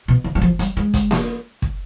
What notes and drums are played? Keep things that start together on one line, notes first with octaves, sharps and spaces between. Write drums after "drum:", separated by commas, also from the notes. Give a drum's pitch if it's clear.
B2
D#3
G3
F3, drum: kick
G3, drum: hi-hat
G#3
drum: kick, hi-hat
drum: snare A#3
drum: kick